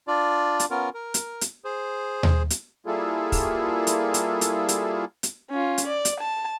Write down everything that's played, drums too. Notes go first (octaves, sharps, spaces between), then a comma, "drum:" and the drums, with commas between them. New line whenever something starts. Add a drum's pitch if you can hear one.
D4 F4 D5
drum: hi-hat
B3 C#4 F4 A#4
A#4
drum: hi-hat
drum: hi-hat
G#4 C5
drum: tom D#2
drum: hi-hat
G3 A#3 E4 F4 G#4 A4
drum: kick, open hi-hat
drum: hi-hat
drum: hi-hat
drum: hi-hat
drum: hi-hat
drum: hi-hat
C#4 F4
drum: hi-hat
D5
drum: hi-hat
A5